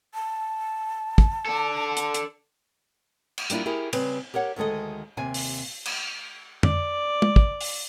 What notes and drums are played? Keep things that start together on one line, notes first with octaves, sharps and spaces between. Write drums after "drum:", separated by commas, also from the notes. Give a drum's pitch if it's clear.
A5
drum: kick
D4 A4
drum: hi-hat
drum: hi-hat
drum: cymbal
G3 A#3 D4 E4 F4, drum: hi-hat
E4 G4 G#4 A#4
C#3 G3 C4 B4, drum: cymbal
G4 A#4 C#5 F#5
D2 D#3 G#3 A4 D#5
D#2 C3 G#5
drum: open hi-hat
drum: cymbal
D5, drum: tom
drum: tom
drum: kick
drum: open hi-hat